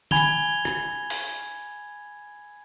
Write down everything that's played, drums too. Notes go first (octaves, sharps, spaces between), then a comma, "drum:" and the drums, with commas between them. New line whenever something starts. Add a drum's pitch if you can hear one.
G#5 B5 G#6 F7 G7, drum: tom
drum: rim click
drum: open hi-hat